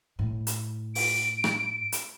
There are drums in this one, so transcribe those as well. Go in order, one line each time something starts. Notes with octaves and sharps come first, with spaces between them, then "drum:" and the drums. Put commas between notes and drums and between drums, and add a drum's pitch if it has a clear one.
A2
drum: hi-hat
D7, drum: open hi-hat
drum: rim click
drum: hi-hat